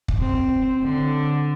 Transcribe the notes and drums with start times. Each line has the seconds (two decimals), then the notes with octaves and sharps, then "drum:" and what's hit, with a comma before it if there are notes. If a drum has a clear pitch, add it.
0.08 drum: kick
0.19 C4
0.83 D3